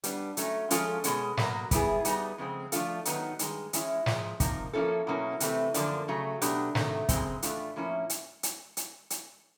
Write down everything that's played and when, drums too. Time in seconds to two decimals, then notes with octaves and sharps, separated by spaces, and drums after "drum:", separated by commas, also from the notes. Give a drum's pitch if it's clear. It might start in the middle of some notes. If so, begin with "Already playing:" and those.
0.04 G3 B3 D4, drum: hi-hat
0.37 F#3 A3 C#4, drum: hi-hat
0.70 F3 G#3 C#4 F4 A4, drum: hi-hat
1.04 B2 G#3 C#4, drum: hi-hat
1.37 B2 F#3 A#3, drum: snare
1.71 G3 B3 E4 G#4, drum: kick, hi-hat
2.05 G3 B3 D#4 G#4, drum: hi-hat
2.38 F2 C#3 G#3 C4
2.72 F3 A3 D4 F4 A4, drum: hi-hat
3.05 G#2 D#3 F#3 B3 D#4, drum: hi-hat
3.39 G2 D#3 G#3, drum: hi-hat
3.73 E3 G#3 C#4 E4, drum: hi-hat
4.06 A#2 F3 G#3, drum: snare
4.40 C3 F3 A#3 D#4, drum: kick, hi-hat
4.73 F3 A#3 C#4 E4 A4
5.07 B2 F#3 A#3 C#4 E4
5.40 C3 E3 A3 C4, drum: hi-hat
5.74 F#2 D3 F3 A#3 D4, drum: hi-hat
6.08 C#3 F#3 A3
6.42 B2 F#3 A3 D4 G4, drum: hi-hat
6.75 C3 D#3 F#3 A3, drum: snare
7.09 F#2 C#3 E3 G#3 C4, drum: kick, hi-hat
7.42 A2 E3 A3 D4 F4, drum: hi-hat
7.76 A2 F3 A#3 C#4 E4
8.10 drum: hi-hat
8.43 drum: hi-hat
8.77 drum: hi-hat
9.10 drum: hi-hat